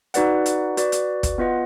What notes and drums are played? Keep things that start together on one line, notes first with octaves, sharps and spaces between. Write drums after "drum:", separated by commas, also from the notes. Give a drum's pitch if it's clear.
D#4 F#4 B4 D5 F#5, drum: hi-hat
drum: hi-hat
F#4 B4 D5, drum: hi-hat
drum: hi-hat
drum: kick, hi-hat
B3 F4 B4 D#5 F#5